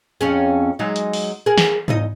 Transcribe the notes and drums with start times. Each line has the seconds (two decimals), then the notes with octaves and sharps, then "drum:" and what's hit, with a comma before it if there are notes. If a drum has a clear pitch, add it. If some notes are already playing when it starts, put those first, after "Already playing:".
0.21 F2 C#4 G#4
0.79 F#3 G#3 D#4
0.96 drum: hi-hat
1.13 drum: open hi-hat
1.46 G#4 A#4
1.58 drum: snare
1.88 E2 D#4 D#5, drum: tom G#2